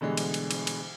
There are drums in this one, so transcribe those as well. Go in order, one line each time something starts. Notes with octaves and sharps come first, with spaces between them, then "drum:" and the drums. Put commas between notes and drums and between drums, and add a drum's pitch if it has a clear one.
B2 D3 E3 G3 G#3
drum: cymbal
drum: cymbal
drum: cymbal
drum: cymbal